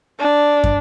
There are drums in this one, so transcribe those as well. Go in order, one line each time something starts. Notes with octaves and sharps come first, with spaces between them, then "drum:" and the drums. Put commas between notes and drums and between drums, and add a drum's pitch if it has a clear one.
D4
drum: kick